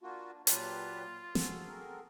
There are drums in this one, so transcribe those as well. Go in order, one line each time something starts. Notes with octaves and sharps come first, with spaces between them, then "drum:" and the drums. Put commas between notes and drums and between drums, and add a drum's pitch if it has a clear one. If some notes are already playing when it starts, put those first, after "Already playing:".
A#3 D4 F4 F#4
A#2 F#3 F4 G4 B4 A5, drum: hi-hat
D#3 F3 F#4 G#4 A4, drum: snare
C4 A#4